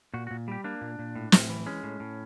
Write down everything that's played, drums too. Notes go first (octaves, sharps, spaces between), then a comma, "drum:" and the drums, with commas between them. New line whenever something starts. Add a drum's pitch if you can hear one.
A#2 F#4
F#4
A#2
G3 G4
A#3 D4
A#2
A#2
A2
A2, drum: snare
E3
G#3 C#4
A2
A2